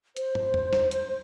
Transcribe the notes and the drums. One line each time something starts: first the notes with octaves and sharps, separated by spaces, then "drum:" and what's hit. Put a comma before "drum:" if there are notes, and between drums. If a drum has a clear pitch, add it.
C5, drum: hi-hat
drum: tom
drum: tom E2
drum: snare
drum: hi-hat